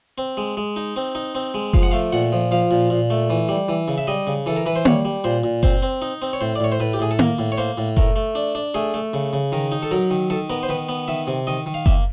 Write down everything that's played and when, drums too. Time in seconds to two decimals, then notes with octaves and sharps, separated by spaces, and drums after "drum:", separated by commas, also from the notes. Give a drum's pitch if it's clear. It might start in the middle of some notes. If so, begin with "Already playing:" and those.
0.18 C4
0.37 G#3
0.57 G#3
0.76 D#4
0.96 C4
1.15 D#4
1.35 C4
1.54 G#3
1.73 F3 F5, drum: kick F#1
1.83 F#5
1.91 A3 F5
2.13 A#2 F#5
2.32 F3
2.51 F3 F5
2.71 A#2
2.90 A#2
3.10 A3
3.30 E3
3.49 G3
3.68 E3
3.88 C#3
3.98 E5
4.07 G3 D#5
4.27 C#3
4.46 E3 A4
4.57 A#4
4.66 E3 B4
4.76 C5
4.85 G3 C#5, drum: tom A#3
5.05 G3
5.24 A#2 C5
5.44 A#2
5.63 C4 C5, drum: kick F#1
5.82 C4
6.02 D#4
6.22 C4
6.33 C#5
6.41 A2 C5
6.56 D5
6.60 A2 C#5
6.72 C5
6.80 A2 B4
6.94 G4
6.99 A2 G#4
7.11 A4
7.19 A#3 A#4, drum: tom A#3
7.39 A2
7.52 C#5
7.58 A#3 C5
7.78 A2
7.97 A3 A#4, drum: kick F#1
8.16 A3
8.35 D4
8.55 D4
8.75 A3 G#4
8.94 A3
9.14 C#3
9.33 C#3
9.52 D#3 A#4
9.72 D#4
9.83 A4
9.91 F#3 A#4
10.10 D#3
10.30 D#3 A4
10.50 B3 A#4
10.63 C5
10.69 D#3 B4
10.89 B3
11.08 D#3 E5
11.27 C3
11.47 D#3 D#5
11.66 D#3
11.74 F5
11.86 A#3 E5, drum: kick F#1